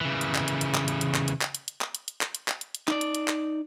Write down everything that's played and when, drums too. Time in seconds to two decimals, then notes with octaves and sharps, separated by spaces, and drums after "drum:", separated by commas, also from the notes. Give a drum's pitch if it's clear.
0.01 C#3 E3
0.21 drum: hi-hat
0.35 drum: clap
0.48 drum: hi-hat
0.61 drum: hi-hat
0.75 drum: clap
0.88 drum: hi-hat
1.01 drum: hi-hat
1.15 drum: clap
1.28 drum: hi-hat
1.41 drum: clap
1.55 drum: hi-hat
1.68 drum: hi-hat
1.81 drum: clap
1.95 drum: hi-hat
2.08 drum: hi-hat
2.21 drum: clap
2.35 drum: hi-hat
2.48 drum: clap
2.61 drum: hi-hat
2.75 drum: hi-hat
2.88 D#4 D5, drum: clap
3.01 drum: hi-hat
3.15 drum: hi-hat
3.28 drum: clap